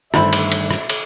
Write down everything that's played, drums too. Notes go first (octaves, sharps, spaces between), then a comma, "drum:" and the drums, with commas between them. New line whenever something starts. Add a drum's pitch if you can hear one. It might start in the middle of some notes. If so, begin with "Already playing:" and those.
G1 G2 C3 D#3 A3 C5 E5 B5, drum: rim click
drum: cymbal
drum: cymbal
drum: rim click
drum: cymbal